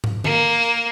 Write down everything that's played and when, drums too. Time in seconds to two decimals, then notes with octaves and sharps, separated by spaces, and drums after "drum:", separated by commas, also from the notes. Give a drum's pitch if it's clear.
0.04 drum: tom
0.24 A#3, drum: tom D3